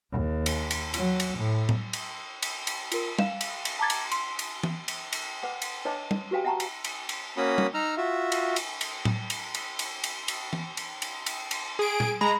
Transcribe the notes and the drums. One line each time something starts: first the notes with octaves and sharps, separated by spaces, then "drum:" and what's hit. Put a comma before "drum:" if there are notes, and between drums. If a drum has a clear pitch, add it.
D#2
drum: cymbal
drum: cymbal
F#3, drum: cymbal
drum: cymbal
A2
drum: tom A2
drum: cymbal
drum: cymbal
drum: cymbal
F4 A#4, drum: cymbal
F5 E7, drum: tom
drum: cymbal
drum: cymbal
A5 A#5 D6 G#6 A6
drum: cymbal
C6, drum: cymbal
drum: cymbal
drum: tom E3
drum: cymbal
drum: cymbal
B4 F#5 D6
drum: cymbal
D4 B4 C#5 D#5 A5 D6
drum: tom
F#4 G4 B4 F5 G5 G#5
E5 F#5 G5 A5 A#5 C#6
drum: cymbal
drum: cymbal
drum: cymbal
A#3 C#4 F#4 B5 D#6
drum: tom
D#4 A#5 E6 F6
F4 F#4 E5
drum: cymbal
drum: cymbal
drum: cymbal
drum: tom A2
drum: cymbal
drum: cymbal
drum: cymbal
drum: cymbal
drum: cymbal
drum: tom E3
drum: cymbal
drum: cymbal
drum: cymbal
drum: cymbal
G#4 D7
drum: tom A#2
G#3 A#5 B5